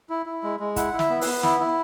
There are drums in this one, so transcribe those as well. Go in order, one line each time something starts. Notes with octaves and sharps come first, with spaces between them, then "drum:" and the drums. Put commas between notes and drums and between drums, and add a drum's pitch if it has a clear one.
E4
E4
G#3
G#3
E4 F#5, drum: kick, hi-hat
E4
E5, drum: snare
B3
B4, drum: open hi-hat
B3
E4, drum: snare
E4